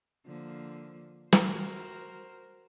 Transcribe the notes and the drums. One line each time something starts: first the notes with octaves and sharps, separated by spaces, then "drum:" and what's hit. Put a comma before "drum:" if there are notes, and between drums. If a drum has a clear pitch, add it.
D3 F3 A#3
F#4 A#4 C5, drum: snare